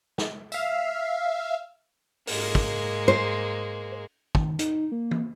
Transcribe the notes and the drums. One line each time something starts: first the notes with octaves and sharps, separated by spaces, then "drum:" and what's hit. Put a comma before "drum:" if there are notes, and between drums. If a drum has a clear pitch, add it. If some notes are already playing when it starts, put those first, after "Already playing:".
drum: snare
E5 F5, drum: tambourine
G#2 G#3 A#3, drum: open hi-hat
drum: kick
C5
D#3, drum: kick
D#4, drum: hi-hat
A#3
drum: tom